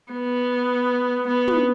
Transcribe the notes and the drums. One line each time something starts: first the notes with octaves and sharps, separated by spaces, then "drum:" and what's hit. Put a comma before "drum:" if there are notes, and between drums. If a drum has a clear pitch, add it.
B3
B3
drum: tom